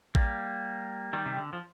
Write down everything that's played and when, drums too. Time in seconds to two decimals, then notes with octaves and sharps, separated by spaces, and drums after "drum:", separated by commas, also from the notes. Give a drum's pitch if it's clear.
0.15 G3 A#3, drum: kick A1
1.13 D#3 G3
1.26 C3
1.37 D3
1.53 F3